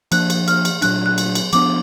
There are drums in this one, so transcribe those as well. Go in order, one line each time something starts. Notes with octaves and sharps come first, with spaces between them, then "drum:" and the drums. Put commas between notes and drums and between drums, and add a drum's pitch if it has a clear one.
F3 A#3 D4 F#6, drum: cymbal
drum: cymbal
F6, drum: cymbal
drum: cymbal
A#2 F#3 D4 F#6, drum: cymbal
F#6
drum: cymbal
drum: cymbal
F3 B3 D4 D6, drum: cymbal